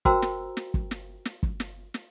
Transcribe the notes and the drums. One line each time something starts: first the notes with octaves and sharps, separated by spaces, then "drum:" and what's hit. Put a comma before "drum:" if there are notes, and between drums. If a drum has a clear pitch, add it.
F#4 A#4 C5 G5 A#5 E6, drum: kick
drum: snare
drum: snare
drum: kick
drum: snare
drum: snare
drum: kick
drum: snare
drum: snare